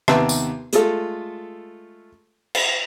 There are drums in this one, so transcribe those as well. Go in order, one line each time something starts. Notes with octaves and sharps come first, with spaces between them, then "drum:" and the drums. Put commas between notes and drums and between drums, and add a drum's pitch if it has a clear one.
D#2 C3 B3 B4 E5 A5, drum: rim click
drum: tambourine
G#3 A3 F4 A4, drum: hi-hat
drum: cymbal